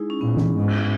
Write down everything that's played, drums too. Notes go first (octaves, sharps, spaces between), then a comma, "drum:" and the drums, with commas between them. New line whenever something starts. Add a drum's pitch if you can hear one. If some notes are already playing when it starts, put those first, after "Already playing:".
Already playing: G#3 D#4 E4 G#4
C#4
A#2 B3
drum: tom E3
G#2
drum: cymbal